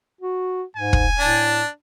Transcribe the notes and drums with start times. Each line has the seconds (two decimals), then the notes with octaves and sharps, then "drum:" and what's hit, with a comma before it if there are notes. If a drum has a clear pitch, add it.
0.21 F#4
0.77 G#2 G#5
0.93 drum: kick
1.19 A2 D4 A5